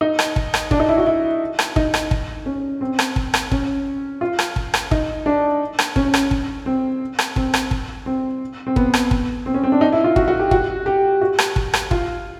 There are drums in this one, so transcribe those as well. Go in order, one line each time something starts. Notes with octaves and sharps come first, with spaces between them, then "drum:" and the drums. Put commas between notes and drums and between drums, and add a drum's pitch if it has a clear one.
D#4
drum: rim click
drum: kick
drum: rim click
D4, drum: kick
D#4
E4
F#4
E4
drum: rim click
D#4, drum: kick
drum: rim click
drum: kick
C#4
C4
drum: rim click
drum: kick
drum: rim click
C#4, drum: kick
F4
drum: rim click
drum: kick
drum: rim click
D#4, drum: kick
D4
drum: rim click
C#4, drum: kick
drum: rim click
drum: kick
C4
drum: rim click
C4, drum: kick
drum: rim click
drum: kick
C4
C4
B3, drum: kick
drum: rim click
drum: kick
C4
C#4
C4
D4
D#4
E4
F4
F#4, drum: kick
F#4
G4
F#4, drum: kick
G4
F#4
drum: rim click
drum: kick
drum: rim click
F4, drum: kick